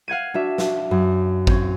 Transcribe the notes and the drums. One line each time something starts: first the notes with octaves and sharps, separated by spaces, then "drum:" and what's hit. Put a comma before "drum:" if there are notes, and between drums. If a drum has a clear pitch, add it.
F5 F#5 G#6 D#7
D4 F#4 E5
drum: snare
F#2
C4 C#4, drum: kick G#1